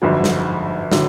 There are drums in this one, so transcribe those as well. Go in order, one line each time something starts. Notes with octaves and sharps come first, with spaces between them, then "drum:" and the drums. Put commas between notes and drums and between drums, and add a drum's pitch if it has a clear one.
G1 F2 G#2 D3 F#3
drum: snare
A2 D3 F#3, drum: snare